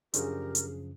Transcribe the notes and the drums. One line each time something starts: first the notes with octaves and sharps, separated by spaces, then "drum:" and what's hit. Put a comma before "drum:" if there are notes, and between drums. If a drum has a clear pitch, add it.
F#2 C#3 F3 D4 G4 G#4 A#4, drum: hi-hat
drum: hi-hat